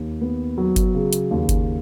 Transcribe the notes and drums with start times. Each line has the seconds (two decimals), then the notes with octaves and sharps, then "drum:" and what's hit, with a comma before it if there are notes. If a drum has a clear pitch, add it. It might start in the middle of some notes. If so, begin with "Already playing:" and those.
Already playing: D#2
0.21 B3
0.58 F#3
0.76 drum: kick G1, hi-hat
0.95 C#3
1.13 drum: hi-hat
1.31 D#2
1.49 drum: kick G1, hi-hat